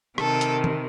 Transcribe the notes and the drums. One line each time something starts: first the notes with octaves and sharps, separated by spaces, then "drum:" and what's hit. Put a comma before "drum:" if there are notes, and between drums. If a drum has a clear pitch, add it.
C3 D#3 A4, drum: rim click
drum: hi-hat
drum: tom D#3